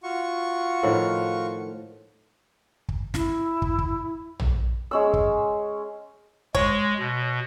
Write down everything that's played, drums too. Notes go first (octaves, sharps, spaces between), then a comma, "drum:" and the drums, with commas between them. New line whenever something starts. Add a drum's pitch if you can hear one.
F4 F#4 C#6
A2 D#3 F3
drum: kick
E4, drum: snare
drum: kick
drum: kick
drum: tom A#1
G#3 C#4 E6
drum: kick
G#3 C#5, drum: kick
B2